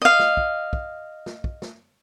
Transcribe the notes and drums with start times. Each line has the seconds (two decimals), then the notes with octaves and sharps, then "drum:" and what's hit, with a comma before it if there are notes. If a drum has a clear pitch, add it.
0.02 D#5 F5
0.19 drum: snare
0.37 drum: kick
0.73 drum: kick
1.26 drum: snare
1.44 drum: kick
1.62 drum: snare